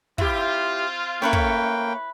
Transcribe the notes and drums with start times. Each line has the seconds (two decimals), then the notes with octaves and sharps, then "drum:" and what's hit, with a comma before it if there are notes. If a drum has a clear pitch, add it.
0.18 C4 E4 F4 G4, drum: kick
1.22 A3 A#3 C#4 E4 B4 C#5 G5
1.33 drum: kick